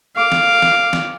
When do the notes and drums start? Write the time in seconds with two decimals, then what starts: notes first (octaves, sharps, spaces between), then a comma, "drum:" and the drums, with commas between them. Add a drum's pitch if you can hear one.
0.16 F5 D6
0.32 drum: snare
0.62 drum: snare
0.93 drum: snare